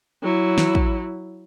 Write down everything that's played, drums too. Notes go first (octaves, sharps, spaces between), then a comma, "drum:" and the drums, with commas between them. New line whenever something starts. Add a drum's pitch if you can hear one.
F#3 E4
drum: snare
drum: kick